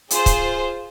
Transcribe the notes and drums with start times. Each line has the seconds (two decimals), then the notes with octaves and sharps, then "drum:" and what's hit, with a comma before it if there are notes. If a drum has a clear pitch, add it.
0.10 F4 G#4 C5, drum: hi-hat
0.26 drum: kick, hi-hat